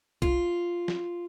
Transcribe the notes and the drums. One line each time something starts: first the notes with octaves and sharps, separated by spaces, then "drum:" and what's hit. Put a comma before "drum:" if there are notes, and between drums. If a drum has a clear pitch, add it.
F4, drum: kick B1
drum: snare